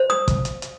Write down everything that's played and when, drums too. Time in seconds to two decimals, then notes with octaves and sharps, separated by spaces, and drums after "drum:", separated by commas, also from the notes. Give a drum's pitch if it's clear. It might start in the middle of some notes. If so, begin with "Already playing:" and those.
Already playing: C5
0.10 D#6
0.28 drum: kick, hi-hat
0.45 drum: hi-hat
0.62 drum: hi-hat